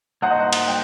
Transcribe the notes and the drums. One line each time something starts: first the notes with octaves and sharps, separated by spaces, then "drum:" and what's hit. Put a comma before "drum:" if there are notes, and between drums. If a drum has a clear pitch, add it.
A#3 D#4 F#4 C5 F#5
D#5
F#5
drum: cymbal
G5